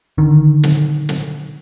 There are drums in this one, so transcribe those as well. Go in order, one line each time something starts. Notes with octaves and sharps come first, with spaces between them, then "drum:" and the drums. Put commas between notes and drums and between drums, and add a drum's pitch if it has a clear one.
D3 D#3
drum: snare
drum: snare